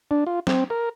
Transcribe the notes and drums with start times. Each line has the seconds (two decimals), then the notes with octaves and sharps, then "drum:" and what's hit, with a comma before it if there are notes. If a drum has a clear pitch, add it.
0.11 D4
0.27 F4
0.47 C4, drum: snare
0.70 A#4